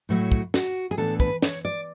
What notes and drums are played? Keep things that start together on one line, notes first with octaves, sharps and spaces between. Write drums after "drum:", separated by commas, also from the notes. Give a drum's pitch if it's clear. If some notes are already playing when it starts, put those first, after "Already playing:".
A2 F#3 A3 E4 F#4, drum: tambourine
drum: kick, tambourine
F#4, drum: snare
drum: tambourine
G#4
A2 E3 B3 D4 A4, drum: tambourine
B4, drum: kick, tambourine
C#5, drum: snare
D5, drum: tambourine